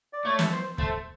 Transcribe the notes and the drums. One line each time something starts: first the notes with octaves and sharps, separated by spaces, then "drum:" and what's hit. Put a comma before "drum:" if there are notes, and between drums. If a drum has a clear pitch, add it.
D5
A3 C#5
drum: snare
C5
A3 C5, drum: kick